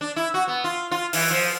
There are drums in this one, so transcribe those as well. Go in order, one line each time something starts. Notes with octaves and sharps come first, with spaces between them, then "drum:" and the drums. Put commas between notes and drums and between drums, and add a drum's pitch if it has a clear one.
D4
E4
F#4
B3
F4
F4
E3, drum: open hi-hat
F3